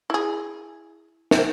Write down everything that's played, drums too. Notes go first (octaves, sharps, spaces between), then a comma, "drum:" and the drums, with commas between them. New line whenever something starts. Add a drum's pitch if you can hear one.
E4 G#4
drum: snare